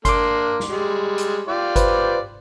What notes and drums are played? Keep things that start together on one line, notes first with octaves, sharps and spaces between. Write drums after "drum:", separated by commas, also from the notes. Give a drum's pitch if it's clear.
A#3 D4 C6 D6, drum: kick G1, hi-hat
drum: snare
G3 G#3
drum: hi-hat
F4 G4 D5
B4 C5, drum: kick G1, hi-hat